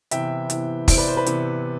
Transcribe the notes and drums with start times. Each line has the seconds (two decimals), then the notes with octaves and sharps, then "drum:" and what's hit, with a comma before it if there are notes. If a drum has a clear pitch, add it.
0.11 C3 E3 B3 E4 E5 G5, drum: hi-hat
0.50 C3 E3 B3 E4, drum: hi-hat
0.88 C3 E3 B3 E4 C5, drum: kick, open hi-hat
0.98 B4 D5
1.08 C5
1.17 B4
1.26 C3 E3 B3 E4, drum: hi-hat